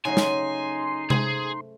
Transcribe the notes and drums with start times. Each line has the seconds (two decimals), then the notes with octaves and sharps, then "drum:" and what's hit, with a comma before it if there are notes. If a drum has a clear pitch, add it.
0.05 C#3 F#3 A3 D#4 G#5 C6
0.17 drum: snare
1.10 A3 G#4 C5, drum: tom C3